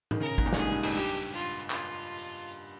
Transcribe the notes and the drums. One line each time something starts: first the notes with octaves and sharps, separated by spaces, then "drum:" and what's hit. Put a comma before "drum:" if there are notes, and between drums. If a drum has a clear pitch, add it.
D#3, drum: tom G#2
C#3 A#4
G#2, drum: kick
A#2
G2, drum: snare
G#2 G#4
G2
F2, drum: cymbal
G2 G4, drum: hi-hat
F4
F4, drum: clap
drum: open hi-hat